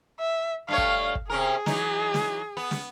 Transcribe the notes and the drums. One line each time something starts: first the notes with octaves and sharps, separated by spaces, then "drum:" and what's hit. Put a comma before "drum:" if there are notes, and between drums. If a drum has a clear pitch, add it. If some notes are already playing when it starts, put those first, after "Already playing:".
E5
G2 A3 C#5 F5
drum: kick
drum: kick
C3 C#4 G#4 A#4
E3 F#3 D#4, drum: snare
drum: snare
B3
drum: snare